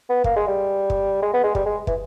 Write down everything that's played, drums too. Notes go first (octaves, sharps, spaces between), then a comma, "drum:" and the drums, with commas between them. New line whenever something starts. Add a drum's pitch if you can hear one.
B3
A#3, drum: kick
G#3
G3
drum: kick
G#3
B3
G#3
G3, drum: kick
G#3
E3, drum: kick